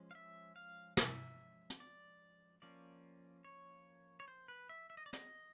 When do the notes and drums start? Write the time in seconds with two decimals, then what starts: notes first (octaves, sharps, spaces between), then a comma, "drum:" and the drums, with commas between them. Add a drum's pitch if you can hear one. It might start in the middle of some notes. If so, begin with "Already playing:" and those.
Already playing: F3 G#3 C#4
0.11 F5
0.15 E5
0.56 F5
0.97 E5, drum: snare
1.70 drum: hi-hat
1.80 D5
2.62 F3 A#3 C#4 D5
3.44 C#5
4.20 C#5
4.28 C5
4.48 B4
4.69 E5
4.90 E5
4.97 D#5
5.06 D5
5.13 D#5, drum: hi-hat